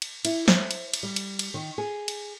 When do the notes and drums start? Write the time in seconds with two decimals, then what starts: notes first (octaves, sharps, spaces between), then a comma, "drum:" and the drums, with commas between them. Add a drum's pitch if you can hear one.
0.02 drum: cymbal
0.25 E4, drum: cymbal
0.48 C5, drum: snare
0.71 drum: cymbal
0.93 drum: cymbal
1.03 G3
1.16 drum: cymbal
1.39 drum: cymbal
1.54 D#3
1.78 G#4
2.08 drum: cymbal